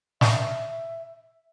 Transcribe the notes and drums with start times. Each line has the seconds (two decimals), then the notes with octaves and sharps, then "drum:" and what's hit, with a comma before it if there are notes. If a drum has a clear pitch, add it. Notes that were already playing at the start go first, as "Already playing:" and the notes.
0.21 E5, drum: snare